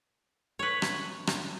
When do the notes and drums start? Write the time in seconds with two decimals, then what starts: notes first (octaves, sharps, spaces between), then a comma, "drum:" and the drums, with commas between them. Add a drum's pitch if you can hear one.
0.59 B4 C#5
0.82 drum: rim click
1.27 drum: rim click